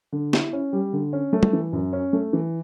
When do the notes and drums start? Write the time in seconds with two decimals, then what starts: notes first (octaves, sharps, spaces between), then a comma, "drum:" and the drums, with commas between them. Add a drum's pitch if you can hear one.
0.12 D3
0.33 E4, drum: snare
0.53 C#4
0.73 G3
0.93 D3
1.13 C#4
1.33 A3
1.43 drum: tom G3
1.53 E3
1.73 F#2
1.93 C#4
2.13 A3
2.33 E3